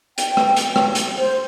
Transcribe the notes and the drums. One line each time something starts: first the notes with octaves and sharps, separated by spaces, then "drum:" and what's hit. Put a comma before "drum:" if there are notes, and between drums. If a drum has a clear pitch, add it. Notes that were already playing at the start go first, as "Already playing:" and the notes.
G5, drum: hi-hat
drum: rim click
drum: hi-hat
drum: rim click
drum: hi-hat
C5